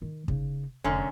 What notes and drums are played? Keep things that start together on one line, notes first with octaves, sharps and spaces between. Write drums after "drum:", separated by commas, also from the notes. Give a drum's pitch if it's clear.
D#3
C#3 D#4, drum: kick
F1 F#2 D3 C#4